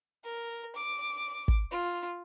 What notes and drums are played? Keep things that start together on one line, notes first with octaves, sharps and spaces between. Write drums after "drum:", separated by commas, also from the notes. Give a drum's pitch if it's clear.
A#4
D6
drum: kick
F4